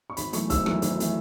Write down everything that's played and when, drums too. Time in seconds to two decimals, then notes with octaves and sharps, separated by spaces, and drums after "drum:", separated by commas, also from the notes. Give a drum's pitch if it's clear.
0.10 C#6
0.17 G#1 B5, drum: hi-hat
0.33 F#2 E3 A3 C#6, drum: hi-hat
0.50 G#1 E6, drum: kick, hi-hat
0.66 F#2 E3 A3, drum: rim click
0.82 G#1, drum: hi-hat
1.00 E3 A3, drum: hi-hat